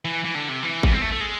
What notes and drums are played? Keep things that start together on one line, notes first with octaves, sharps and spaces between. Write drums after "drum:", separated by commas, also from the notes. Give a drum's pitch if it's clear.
E3
E3
D3
C3
E3
B3, drum: kick G#1
C4
A3
A3
G#3